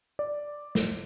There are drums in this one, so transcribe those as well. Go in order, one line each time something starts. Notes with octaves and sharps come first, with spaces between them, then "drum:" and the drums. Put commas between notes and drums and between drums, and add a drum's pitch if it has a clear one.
D5
drum: snare